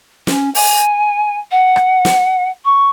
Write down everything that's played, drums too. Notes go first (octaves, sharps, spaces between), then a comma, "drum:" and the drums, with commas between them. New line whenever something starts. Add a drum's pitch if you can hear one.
C#4, drum: snare
G#5, drum: open hi-hat
F#5
drum: rim click
drum: snare
C#6